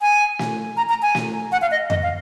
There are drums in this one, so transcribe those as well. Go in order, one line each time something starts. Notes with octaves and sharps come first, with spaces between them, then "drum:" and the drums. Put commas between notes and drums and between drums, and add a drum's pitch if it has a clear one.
G#5
drum: snare
A#5
A#5
G#5
drum: snare
F#5
F5
D#5
D#5, drum: tom F2
F5